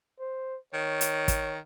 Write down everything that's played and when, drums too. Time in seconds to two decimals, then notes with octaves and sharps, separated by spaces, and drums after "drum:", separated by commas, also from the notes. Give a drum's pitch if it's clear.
0.20 C5
0.73 D#3 C#5
1.01 drum: hi-hat
1.28 drum: kick, hi-hat